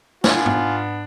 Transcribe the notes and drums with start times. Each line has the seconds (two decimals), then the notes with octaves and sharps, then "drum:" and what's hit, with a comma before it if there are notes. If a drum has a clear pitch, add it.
0.24 B3 D4 F4 G#5, drum: snare
0.46 drum: tom G#2